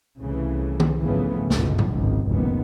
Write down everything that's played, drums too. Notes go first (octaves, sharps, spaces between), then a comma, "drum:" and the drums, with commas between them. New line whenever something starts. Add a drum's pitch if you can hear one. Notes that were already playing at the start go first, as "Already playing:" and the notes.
C2 C#3 E3 A3
drum: tom D#3
G#1 C#3 E3 F3 A3 B3
G1 C#2 G#2 B2 D3 F3, drum: snare
drum: tom
G#1 C#2
F1 C#2 F#2 A#2 D#3 B3